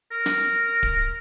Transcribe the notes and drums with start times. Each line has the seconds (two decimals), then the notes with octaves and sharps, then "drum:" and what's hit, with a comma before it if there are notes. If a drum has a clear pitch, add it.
0.11 A#4
0.26 drum: snare
0.83 drum: kick D1